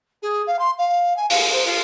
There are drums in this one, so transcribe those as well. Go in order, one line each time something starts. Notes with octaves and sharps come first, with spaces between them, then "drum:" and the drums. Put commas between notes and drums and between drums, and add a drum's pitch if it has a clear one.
G#4
F5
C6
F5
G#5
F5, drum: open hi-hat
C5
F4